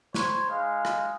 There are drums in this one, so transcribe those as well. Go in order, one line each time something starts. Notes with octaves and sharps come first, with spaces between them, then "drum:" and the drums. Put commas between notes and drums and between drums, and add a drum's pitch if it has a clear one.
C5 C#5 B5, drum: snare
G#3 D#4 F5
drum: rim click